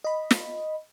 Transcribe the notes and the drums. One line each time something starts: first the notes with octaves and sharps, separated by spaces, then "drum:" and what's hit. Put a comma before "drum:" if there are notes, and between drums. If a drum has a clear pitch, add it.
D#5 B5
drum: snare